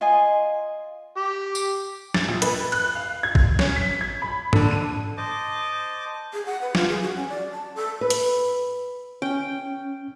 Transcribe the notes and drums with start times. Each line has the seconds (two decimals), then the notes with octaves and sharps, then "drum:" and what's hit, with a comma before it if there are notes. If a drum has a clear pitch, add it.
0.01 F4 D#5 G#5 C6
1.17 G4
1.55 drum: tambourine
2.14 A6, drum: snare
2.28 A#1
2.42 B4, drum: hi-hat
2.72 F#6, drum: cymbal
2.95 F5
3.23 G#6
3.35 drum: kick
3.59 C#4, drum: snare
3.76 B6
4.01 G#6
4.22 B5
4.53 D3, drum: tom G#2
4.71 D#7
5.17 C5 D#5 A5 D6
6.33 G#4
6.46 F#5
6.61 B4
6.75 F4, drum: snare
6.89 G#4
7.02 F#4
7.16 C#4
7.29 D5
7.52 A5
7.75 A4
8.01 B4
8.10 drum: hi-hat
9.22 C#4 G5